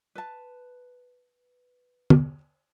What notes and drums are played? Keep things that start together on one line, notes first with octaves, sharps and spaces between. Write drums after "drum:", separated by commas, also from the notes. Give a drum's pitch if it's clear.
B4 A5
drum: tom